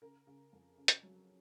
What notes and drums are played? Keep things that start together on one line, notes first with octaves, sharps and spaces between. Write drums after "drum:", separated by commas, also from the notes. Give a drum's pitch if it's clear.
C#3 A#4
C#3
F2
C#3
drum: hi-hat
F#3